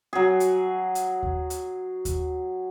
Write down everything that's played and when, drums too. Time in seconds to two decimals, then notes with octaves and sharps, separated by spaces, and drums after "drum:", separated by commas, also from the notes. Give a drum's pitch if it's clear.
0.13 F#3 G#4
0.40 drum: hi-hat
0.95 drum: hi-hat
1.23 drum: kick D#2
1.50 drum: hi-hat
2.05 drum: kick D#2, hi-hat